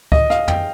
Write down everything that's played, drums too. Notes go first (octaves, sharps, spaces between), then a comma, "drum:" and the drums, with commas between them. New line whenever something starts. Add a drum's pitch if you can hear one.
D#5, drum: kick C#2
F5, drum: rim click
G5, drum: tom